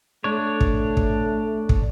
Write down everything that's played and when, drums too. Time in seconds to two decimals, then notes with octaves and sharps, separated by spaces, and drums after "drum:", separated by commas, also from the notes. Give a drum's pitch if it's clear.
0.24 A3 D4 C#5
0.61 drum: kick
0.97 drum: kick
1.69 drum: kick